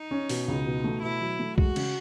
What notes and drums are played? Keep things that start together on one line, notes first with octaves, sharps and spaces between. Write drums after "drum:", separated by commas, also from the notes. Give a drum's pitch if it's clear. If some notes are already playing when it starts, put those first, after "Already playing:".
Already playing: D#4
C#4
B2, drum: open hi-hat
C#2 D#4
B2
A3
B2 E4
F#3
A3
G#3 F#4, drum: kick B1
C#3, drum: cymbal